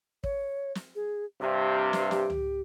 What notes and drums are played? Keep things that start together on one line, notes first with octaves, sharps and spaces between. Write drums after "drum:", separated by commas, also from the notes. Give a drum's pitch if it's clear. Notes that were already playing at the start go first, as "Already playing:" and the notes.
C#5, drum: kick
drum: snare
G#4
G2 C3 G4
drum: snare
G4, drum: snare
drum: tom C#2